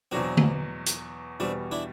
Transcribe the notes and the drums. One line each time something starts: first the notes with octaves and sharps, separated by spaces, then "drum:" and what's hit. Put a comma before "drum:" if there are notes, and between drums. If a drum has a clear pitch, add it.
E2 B2 F#3 C4 D4
drum: tom D3
drum: hi-hat
E2 B2 G3 C4 D4
D4 E4